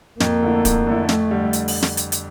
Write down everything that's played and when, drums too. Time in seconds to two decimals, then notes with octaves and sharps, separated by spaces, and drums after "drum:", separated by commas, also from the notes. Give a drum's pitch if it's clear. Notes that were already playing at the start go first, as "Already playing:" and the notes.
0.20 F2 A#3, drum: snare
0.43 D3 A3 E4
0.65 F2, drum: kick D1, hi-hat
0.87 D3 A3 E4
1.09 F2 A3, drum: snare
1.31 D3 G3
1.53 drum: hi-hat
1.68 drum: open hi-hat
1.82 drum: snare
1.97 drum: hi-hat
2.12 drum: hi-hat